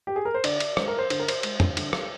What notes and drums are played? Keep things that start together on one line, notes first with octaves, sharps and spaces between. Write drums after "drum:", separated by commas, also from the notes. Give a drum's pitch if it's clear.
G4
G#4
A#4
C5
D3 D5, drum: cymbal
drum: cymbal
G#3 C5, drum: rim click
A#4
C5
D3 C5, drum: cymbal
A#4
C5, drum: cymbal
G#3, drum: cymbal
drum: tom F2
D3, drum: cymbal
drum: rim click